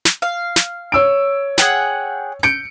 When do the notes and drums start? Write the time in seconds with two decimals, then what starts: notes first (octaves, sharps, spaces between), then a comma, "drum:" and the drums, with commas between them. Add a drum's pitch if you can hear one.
0.05 drum: snare
0.22 F5
0.56 drum: snare
0.92 C#5 E6 D7
1.58 G#4 F#5 G5, drum: snare
2.43 G6 C#7 D7